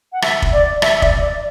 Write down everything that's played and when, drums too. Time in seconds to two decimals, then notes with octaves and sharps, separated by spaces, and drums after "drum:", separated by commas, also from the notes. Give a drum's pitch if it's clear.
0.13 F#5
0.22 E5, drum: rim click
0.42 drum: kick
0.53 D5
0.82 E5, drum: rim click
0.96 E5
1.02 D5, drum: kick
1.21 D5